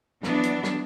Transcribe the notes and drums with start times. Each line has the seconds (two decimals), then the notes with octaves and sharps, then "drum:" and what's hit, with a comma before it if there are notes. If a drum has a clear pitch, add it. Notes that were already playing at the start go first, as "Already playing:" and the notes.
0.23 E3 F#3 B3 D4, drum: snare
0.43 drum: hi-hat
0.64 drum: snare